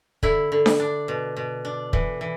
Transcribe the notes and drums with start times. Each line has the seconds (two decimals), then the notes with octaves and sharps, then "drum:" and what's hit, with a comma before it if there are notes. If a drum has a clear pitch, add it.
0.23 D3 E4, drum: kick
0.52 D3
0.66 drum: snare D4
0.80 D4
1.08 B2
1.37 B2
1.65 D4
1.93 E3, drum: kick
2.21 E3